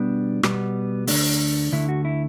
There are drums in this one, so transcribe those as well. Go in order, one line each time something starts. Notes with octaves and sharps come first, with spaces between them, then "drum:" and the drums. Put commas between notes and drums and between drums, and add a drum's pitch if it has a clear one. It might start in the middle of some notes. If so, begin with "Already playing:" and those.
Already playing: B2 G3 B3 D4
B2 G3 B3, drum: rim click
D2 D3 A3 D4, drum: open hi-hat
D2 D3 A3 E4
F#4
E4